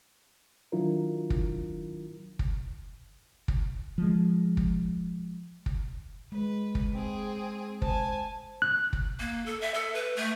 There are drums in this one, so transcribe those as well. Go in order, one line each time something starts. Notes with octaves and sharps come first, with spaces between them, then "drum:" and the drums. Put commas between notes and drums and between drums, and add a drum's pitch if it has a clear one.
D#3 F#3 D4 E4 F4 A#4
drum: kick
drum: kick
drum: kick
F3 G#3
drum: kick
drum: kick
G#3 B4
drum: kick
C4 G#4
C5 G#5 A5, drum: kick
F#6
drum: kick
A#3
A4
E5
A4
B4
A3